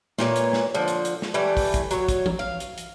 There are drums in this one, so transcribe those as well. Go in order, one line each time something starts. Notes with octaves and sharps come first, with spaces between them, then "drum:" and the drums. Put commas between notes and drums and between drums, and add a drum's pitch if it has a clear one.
A#2 E3 G4 C#5, drum: snare
drum: hi-hat
drum: snare
D3 F3
drum: hi-hat
drum: hi-hat
drum: snare
E3 G3 A3
drum: kick, open hi-hat
drum: kick, hi-hat
F#3 C#5, drum: hi-hat
drum: kick, hi-hat
drum: tom E3
F5
drum: hi-hat
drum: hi-hat